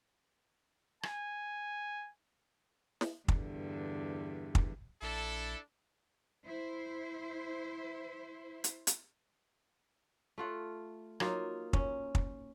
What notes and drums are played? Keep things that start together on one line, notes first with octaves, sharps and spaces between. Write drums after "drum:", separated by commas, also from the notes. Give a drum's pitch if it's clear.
G#5, drum: rim click
drum: snare
E2 G2 D3, drum: kick
drum: kick
A#1 D4 E4 A4
E4 C5
drum: hi-hat
drum: hi-hat
A3 F4 F#5
F#3 A#3 D#4 F4, drum: rim click
C#4, drum: kick
drum: kick